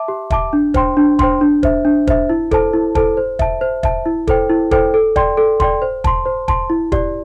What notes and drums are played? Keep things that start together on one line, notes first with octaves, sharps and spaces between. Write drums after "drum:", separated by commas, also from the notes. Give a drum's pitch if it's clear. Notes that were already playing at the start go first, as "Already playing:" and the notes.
Already playing: E5 A5 D6
G4
E5 A5 D6, drum: kick
D4
C5 G5 C6, drum: kick
D4
C5 G5 C6, drum: kick
D4
C5 E5, drum: kick
D4
C5 E5, drum: kick
E4
A4 C5 A5, drum: kick
E4
A4 C5 A5, drum: kick
C5
E5 A5, drum: kick
C5
E5 A5, drum: kick
E4
A4 C5 G5, drum: kick
E4
A4 C5 G5, drum: kick
A4
D5 G5 C6, drum: kick
A4
D5 G5 C6, drum: kick
C5
A5 C6, drum: kick
C5
A5 C6, drum: kick
E4
G4 D5, drum: kick